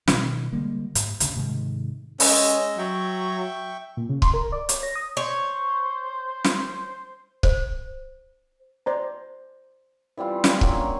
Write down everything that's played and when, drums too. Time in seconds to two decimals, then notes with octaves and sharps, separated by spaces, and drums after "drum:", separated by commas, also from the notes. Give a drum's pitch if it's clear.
0.07 B2 D#3, drum: snare
0.53 D3 G3 G#3 A#3
0.95 G#2, drum: hi-hat
1.20 D2 C#3, drum: hi-hat
1.36 G#2 C3 D#3 G#3
2.20 G#3 C#4 D#5 E6, drum: open hi-hat
2.78 F#3 E5 G5 C#6
3.97 A#2
4.09 C#3
4.22 C6, drum: kick C#1
4.34 A#4
4.52 D5
4.69 C#5, drum: hi-hat
4.83 A#6
4.96 D#6
5.17 C5 C#5
6.44 drum: snare
7.43 C5, drum: kick C#1
8.86 C5 D5 A#5
10.17 E3 G3 C4 F4
10.44 C#4 F4, drum: snare
10.61 F#3 A#3 C4 D4, drum: kick C#1
10.80 C#6